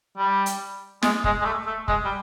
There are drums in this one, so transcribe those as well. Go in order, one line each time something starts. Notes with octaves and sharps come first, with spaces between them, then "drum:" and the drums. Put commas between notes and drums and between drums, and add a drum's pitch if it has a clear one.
G3
drum: hi-hat
G#3, drum: snare
G#3, drum: kick
G#3
A3
A3
G#3, drum: kick
G3